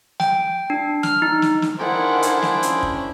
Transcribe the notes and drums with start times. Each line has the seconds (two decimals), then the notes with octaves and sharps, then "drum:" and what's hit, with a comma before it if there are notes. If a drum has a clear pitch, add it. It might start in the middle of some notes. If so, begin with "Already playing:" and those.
0.20 G5, drum: snare
0.70 D4
1.03 F6, drum: snare
1.22 D#4
1.42 drum: snare
1.62 drum: snare
1.79 D#3 D4 E4 F4 G#4 C5 F#5 G5
2.22 drum: hi-hat
2.43 drum: snare
2.63 C#4, drum: hi-hat
2.83 drum: kick